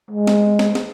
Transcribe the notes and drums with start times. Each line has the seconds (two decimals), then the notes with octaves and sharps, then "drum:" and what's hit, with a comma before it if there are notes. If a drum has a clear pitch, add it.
0.11 G#3
0.27 drum: snare
0.59 drum: snare
0.75 drum: snare